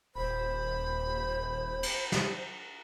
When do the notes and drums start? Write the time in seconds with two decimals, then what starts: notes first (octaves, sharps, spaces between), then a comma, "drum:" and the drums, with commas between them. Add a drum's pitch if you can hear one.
0.15 D#1 C5 B5
1.83 drum: cymbal
2.12 drum: snare